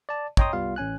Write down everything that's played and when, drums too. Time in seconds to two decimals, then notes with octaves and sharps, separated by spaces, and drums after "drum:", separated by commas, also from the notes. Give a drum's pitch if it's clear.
0.09 D5 A5
0.37 C#5 D#5 G5 A#5 C6 D#6, drum: kick
0.53 C2 G3 B3 F4 F5
0.76 A1 C#4 G#5 F#6